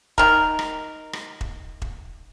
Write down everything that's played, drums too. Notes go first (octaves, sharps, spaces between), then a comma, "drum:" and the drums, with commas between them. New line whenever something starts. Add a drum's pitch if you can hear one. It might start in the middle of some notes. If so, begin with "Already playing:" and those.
D#3 A#4, drum: kick E1
drum: rim click
drum: rim click
drum: kick E1
drum: kick E1